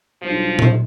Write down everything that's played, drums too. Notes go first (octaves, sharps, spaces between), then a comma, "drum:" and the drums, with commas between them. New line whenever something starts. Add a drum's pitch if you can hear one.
B1 G2 F3 F4
drum: tom A#2